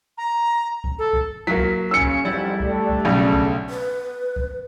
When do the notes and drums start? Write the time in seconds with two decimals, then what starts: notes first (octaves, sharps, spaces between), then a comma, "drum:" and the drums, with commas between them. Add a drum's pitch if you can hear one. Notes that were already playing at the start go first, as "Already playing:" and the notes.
0.18 A#5
0.84 drum: kick
0.99 A4
1.13 drum: kick
1.47 F#3 A#3 B6
1.57 drum: kick
1.91 C#3 C#4 E6 C#7
2.01 drum: kick
2.25 G#1 F2 G#2 G3 E4
2.60 A3 D4, drum: kick
2.90 drum: kick
3.05 B1 C#3
3.34 drum: kick
3.70 B4
4.36 drum: kick